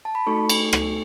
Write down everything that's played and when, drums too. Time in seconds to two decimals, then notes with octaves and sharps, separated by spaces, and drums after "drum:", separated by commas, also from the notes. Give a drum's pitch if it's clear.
0.05 A5
0.15 B5
0.26 A3 D#4 F#4 A4 C#6
0.49 drum: cymbal
0.73 drum: rim click